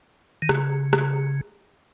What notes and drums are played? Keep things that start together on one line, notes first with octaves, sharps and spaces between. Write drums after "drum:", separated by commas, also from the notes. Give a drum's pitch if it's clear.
D#3
C#3, drum: rim click
drum: rim click